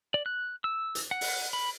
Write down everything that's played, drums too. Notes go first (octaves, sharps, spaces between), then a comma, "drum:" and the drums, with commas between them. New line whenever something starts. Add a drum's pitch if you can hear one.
D5
F#6
E6
drum: hi-hat
F#5
drum: open hi-hat
B5